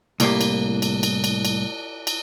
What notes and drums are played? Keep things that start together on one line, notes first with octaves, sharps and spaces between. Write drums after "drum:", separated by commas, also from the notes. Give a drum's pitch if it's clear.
C2 A2 A#3 G4, drum: cymbal
drum: cymbal
drum: cymbal
drum: cymbal
drum: cymbal
drum: cymbal
drum: cymbal